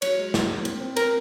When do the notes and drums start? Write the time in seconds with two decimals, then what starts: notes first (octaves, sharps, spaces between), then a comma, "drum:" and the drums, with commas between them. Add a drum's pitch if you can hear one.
0.02 F#3 C#5, drum: cymbal
0.18 G#3
0.34 G#3, drum: snare
0.56 A#3
0.65 C4, drum: cymbal
0.81 C4
0.96 C4 A#4, drum: cymbal